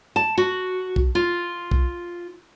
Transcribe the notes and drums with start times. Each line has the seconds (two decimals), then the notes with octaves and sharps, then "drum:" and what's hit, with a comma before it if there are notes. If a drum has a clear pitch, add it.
0.16 A5
0.38 F#4
0.96 drum: kick
1.15 F4
1.71 drum: kick